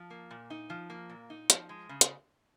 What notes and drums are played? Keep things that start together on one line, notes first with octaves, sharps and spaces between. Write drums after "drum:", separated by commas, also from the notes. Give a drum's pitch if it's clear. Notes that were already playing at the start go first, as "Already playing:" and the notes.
Already playing: F3
A#3
A#2
D#4
F3
A#3
A#2
D#4
F3, drum: hi-hat
G#3
C#3
drum: hi-hat